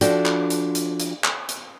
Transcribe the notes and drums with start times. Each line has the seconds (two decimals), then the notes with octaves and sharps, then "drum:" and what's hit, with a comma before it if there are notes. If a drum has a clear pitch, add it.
0.01 F3 D4 F#4 A4 G5, drum: hi-hat
0.26 drum: clap
0.50 drum: hi-hat
0.75 drum: hi-hat
1.00 drum: hi-hat
1.24 drum: clap
1.49 drum: hi-hat